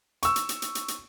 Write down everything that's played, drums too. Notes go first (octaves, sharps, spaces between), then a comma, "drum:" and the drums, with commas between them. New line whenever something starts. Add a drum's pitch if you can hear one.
C#6 E6, drum: hi-hat
drum: hi-hat
drum: hi-hat
drum: hi-hat
drum: hi-hat
drum: hi-hat